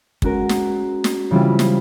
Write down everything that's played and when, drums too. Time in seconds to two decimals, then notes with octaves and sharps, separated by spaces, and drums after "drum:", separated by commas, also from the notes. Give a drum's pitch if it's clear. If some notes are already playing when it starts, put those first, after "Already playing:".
0.22 G#3 C#4 F#4 A#4, drum: kick
0.49 drum: snare
1.04 drum: snare
1.31 C#3 E3 G3 C4 F4
1.59 drum: snare